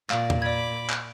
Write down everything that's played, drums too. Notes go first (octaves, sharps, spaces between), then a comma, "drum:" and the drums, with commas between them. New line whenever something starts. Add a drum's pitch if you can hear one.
A#2 D5 F5, drum: clap
drum: tom E2
D5 B5 D6 G#6
drum: clap